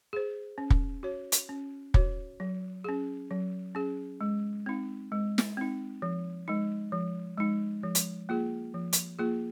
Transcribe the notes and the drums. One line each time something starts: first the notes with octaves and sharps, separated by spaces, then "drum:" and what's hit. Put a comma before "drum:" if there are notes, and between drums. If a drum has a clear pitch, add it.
G#4 C5
C#4
drum: kick
F#4 C#5
drum: hi-hat
C#4
F#4 C#5, drum: kick
F#3
C#4 G#4
F#3
C#4 G#4
G#3
C4 D#4
G#3
drum: snare
C4 D#4
F3
G#3 D#4
F3
G#3 D#4
F3
drum: hi-hat
A#3 F4 G#4
F3
drum: hi-hat
A#3 F4 G#4